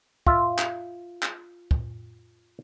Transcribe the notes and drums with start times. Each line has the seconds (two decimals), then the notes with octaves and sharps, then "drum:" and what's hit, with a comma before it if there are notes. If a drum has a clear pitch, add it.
0.27 F4 E5, drum: kick
0.59 drum: clap
1.23 drum: clap
1.71 drum: kick